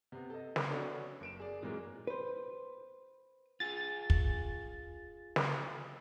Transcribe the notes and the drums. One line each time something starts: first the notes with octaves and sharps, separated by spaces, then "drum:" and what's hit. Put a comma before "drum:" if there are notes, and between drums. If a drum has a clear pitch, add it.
C3 B3
A4 D#5
drum: snare
B3 C#4 D4 F#4 A4
F#1 D7 E7
G#4 D5
A#2 E3 F#3 G#3 A#3
B4 C5
F4 G#4 A6
drum: kick
drum: snare